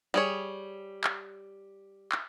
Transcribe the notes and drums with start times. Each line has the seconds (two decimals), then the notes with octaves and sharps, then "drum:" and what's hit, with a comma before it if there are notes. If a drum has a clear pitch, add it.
0.14 G3 G#4 C#5
1.04 drum: clap
2.12 drum: clap